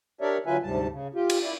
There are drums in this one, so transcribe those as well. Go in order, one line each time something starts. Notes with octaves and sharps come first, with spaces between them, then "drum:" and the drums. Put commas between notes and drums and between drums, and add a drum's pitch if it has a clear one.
D4 G4 A#4 C#5 D5 E5
D3 F#3 F4 B4 E5 G#5
D2 G#2 C3 G3 A5
C#3
F4 G4
drum: cymbal
E4 D5